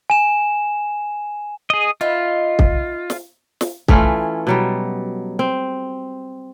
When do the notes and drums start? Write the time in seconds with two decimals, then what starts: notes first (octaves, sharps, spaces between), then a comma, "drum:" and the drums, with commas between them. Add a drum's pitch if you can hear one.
0.10 G#5 E7
1.70 G#4 D#5
2.01 D#4 F4 B4 E5
2.59 drum: kick
3.10 drum: snare
3.61 drum: snare
3.88 E3 A3 C#4 F4, drum: kick
4.47 B2 F#3 G3
5.39 C4